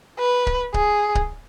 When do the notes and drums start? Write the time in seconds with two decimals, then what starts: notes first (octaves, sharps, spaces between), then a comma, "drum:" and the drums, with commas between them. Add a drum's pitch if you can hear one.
0.19 B4
0.47 drum: kick C#1
0.74 G#4, drum: kick C#1
1.15 drum: kick C#1